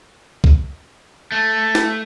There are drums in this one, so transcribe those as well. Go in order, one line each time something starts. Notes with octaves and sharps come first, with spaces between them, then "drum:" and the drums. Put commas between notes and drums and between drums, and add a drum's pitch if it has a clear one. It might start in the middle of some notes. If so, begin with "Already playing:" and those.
drum: kick
A3
drum: snare